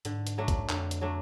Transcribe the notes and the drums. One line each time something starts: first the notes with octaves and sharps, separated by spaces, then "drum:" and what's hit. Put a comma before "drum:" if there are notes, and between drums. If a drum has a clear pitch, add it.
G#2 D3, drum: hi-hat
drum: hi-hat
F#3 A3 D4
drum: kick, hi-hat
F2 D3, drum: clap
drum: hi-hat
F#3 A3 D4